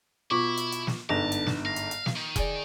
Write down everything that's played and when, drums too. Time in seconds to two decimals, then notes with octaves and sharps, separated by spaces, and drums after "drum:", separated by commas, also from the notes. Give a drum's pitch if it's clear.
0.31 B2 E4 F4 C#6 D6
0.57 drum: hi-hat
0.72 drum: hi-hat
0.87 drum: snare
1.09 G1 G#2 D3 D4 A5 A#6 F7
1.32 drum: hi-hat
1.47 drum: snare
1.65 F5 A#6
1.76 drum: hi-hat
1.91 drum: hi-hat
2.06 drum: snare
2.16 D#3
2.36 G#4 D5, drum: kick E1, hi-hat